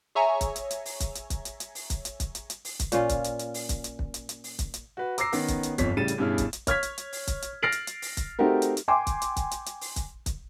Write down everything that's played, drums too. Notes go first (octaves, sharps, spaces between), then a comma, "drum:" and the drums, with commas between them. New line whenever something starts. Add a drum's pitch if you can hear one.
G#4 C#5 E5 G#5 A#5 C#6
drum: kick, hi-hat
drum: hi-hat
drum: hi-hat
drum: open hi-hat
drum: kick, hi-hat
drum: hi-hat
drum: kick, hi-hat
drum: hi-hat
drum: hi-hat
drum: open hi-hat
drum: kick, hi-hat
drum: hi-hat
drum: kick, hi-hat
drum: hi-hat
drum: hi-hat
drum: open hi-hat
drum: kick, hi-hat
A#2 C#4 F4, drum: hi-hat
drum: kick, hi-hat
drum: hi-hat
drum: hi-hat
drum: open hi-hat
drum: kick, hi-hat
drum: hi-hat
drum: kick
drum: hi-hat
drum: hi-hat
drum: open hi-hat
drum: kick, hi-hat
drum: hi-hat
F#4 B4
A#5 D6 E6 A#6 C7, drum: hi-hat
D#3 B3 C#4 A#4, drum: open hi-hat
drum: kick, hi-hat
drum: hi-hat
G1 F2 C#5 B6, drum: kick, hi-hat
A2 C#3 G3 A6 D#7 E7
drum: hi-hat
G2 B2 C#4 E4 G#4 F6
drum: kick, hi-hat
drum: hi-hat
C#5 F6 G#6 B6, drum: kick, hi-hat
drum: hi-hat
drum: hi-hat
drum: open hi-hat
drum: kick, hi-hat
drum: hi-hat
F6 A6 A#6 C7 D7 F#7
drum: hi-hat
drum: hi-hat
drum: open hi-hat
drum: kick, hi-hat
A3 C4 D#4 F#4 G4 A#4
drum: hi-hat
drum: hi-hat
G5 G#5 C6 D6
drum: kick, hi-hat
drum: hi-hat
drum: kick, hi-hat
drum: hi-hat
drum: hi-hat
drum: open hi-hat
drum: kick, hi-hat
drum: kick, hi-hat